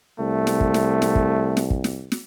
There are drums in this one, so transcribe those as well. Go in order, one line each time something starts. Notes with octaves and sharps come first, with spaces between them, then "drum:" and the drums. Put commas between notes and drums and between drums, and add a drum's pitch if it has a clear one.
C2 A3
drum: snare
drum: kick
drum: snare
drum: snare
drum: kick
drum: snare
drum: kick
drum: snare
drum: snare